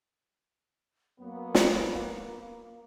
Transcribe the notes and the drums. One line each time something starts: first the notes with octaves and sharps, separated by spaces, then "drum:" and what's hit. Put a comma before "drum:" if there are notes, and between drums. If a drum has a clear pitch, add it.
F#2 F#3 A#3 B3
drum: snare